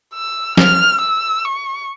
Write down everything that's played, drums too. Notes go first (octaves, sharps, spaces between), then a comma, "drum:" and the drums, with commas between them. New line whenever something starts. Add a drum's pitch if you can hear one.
E6
F6, drum: snare
E6
C#6